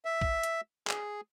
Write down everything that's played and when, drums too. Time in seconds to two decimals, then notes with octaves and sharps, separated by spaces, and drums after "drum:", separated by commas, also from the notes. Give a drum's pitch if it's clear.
0.05 E5
0.22 drum: kick
0.43 drum: hi-hat
0.87 G#4, drum: clap